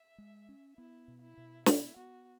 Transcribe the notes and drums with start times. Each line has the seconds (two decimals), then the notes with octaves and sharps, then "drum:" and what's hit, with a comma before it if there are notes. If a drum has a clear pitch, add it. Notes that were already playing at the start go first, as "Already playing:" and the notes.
Already playing: E5
0.18 G#3
0.49 C#4
0.77 B3 E4
1.08 B2
1.22 E4
1.38 B2
1.66 B3 E4, drum: snare
1.96 B3 F#4